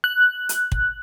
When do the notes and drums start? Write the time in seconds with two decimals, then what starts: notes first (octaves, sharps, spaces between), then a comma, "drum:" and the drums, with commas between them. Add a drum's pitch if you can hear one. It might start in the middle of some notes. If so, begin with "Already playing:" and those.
0.04 F#6
0.49 drum: hi-hat
0.72 drum: kick